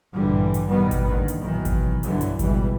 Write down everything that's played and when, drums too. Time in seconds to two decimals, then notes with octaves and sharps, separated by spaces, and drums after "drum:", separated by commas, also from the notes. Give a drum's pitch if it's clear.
0.14 A1 G2 A#2 D3 E3 G3
0.54 drum: hi-hat
0.68 B2 D#3 G3 B3
0.91 drum: kick G#1, hi-hat
1.07 A1 D#2 D3 D#3
1.28 drum: hi-hat
1.42 B1 D#3 E3
1.65 drum: kick G#1, hi-hat
2.03 B1 G2 D3 E3 F#3, drum: hi-hat
2.21 drum: hi-hat
2.39 C#2 B2 E3 G3, drum: kick G#1, hi-hat